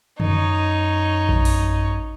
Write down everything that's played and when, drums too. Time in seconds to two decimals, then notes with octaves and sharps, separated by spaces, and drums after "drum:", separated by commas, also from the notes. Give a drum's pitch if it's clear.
0.20 F#2 D#4 C#5, drum: tom D3
1.29 drum: kick A#1
1.45 drum: open hi-hat